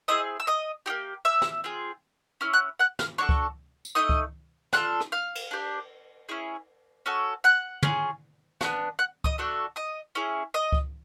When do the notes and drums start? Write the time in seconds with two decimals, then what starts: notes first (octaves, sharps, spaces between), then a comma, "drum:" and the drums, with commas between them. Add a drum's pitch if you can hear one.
0.08 C4 E4 G#4 D#5 D#6
0.40 E6
0.47 D#5 D#6
0.86 A#3 D#4 G4
1.25 E5 E6
1.42 drum: snare
1.64 C4 F4 G#4
2.41 C#4 E4 F6
2.53 F#5 F#6
2.79 F#5 F#6
2.99 F5 F6, drum: snare
3.18 D4 F#4 A4 C#5 C#6
3.29 drum: kick C#2
3.85 drum: tambourine
3.95 A3 C4 D#4 D#5 D#6
4.09 drum: kick C#2
4.73 D4 F4 A4 F#5 F#6, drum: snare
5.01 drum: rim click
5.12 F5 F6
5.35 drum: cymbal
5.51 D4 G4
6.29 C#4 E4 G#4
7.06 C#4 F#4 A4
7.44 F#5 F#6
7.83 C#4 F4 G#4, drum: tom
8.61 B3 D4 F#4, drum: snare
8.99 F#5 F#6
9.24 D#5 D#6, drum: kick C#2
9.38 A3 D4 F#4 A4
9.76 D#5 D#6
10.15 C#4 E4 G#4
10.54 D#5 D#6
10.72 drum: kick C#2